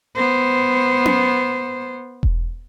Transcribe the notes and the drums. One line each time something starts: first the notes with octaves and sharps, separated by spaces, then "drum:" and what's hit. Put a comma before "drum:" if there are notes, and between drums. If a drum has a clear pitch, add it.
B3 C5
drum: tom C#4
drum: kick E1